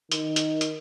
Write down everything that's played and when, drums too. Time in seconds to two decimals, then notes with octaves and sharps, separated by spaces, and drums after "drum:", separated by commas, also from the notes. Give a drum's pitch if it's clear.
0.12 D#3, drum: hi-hat
0.36 drum: hi-hat
0.61 drum: hi-hat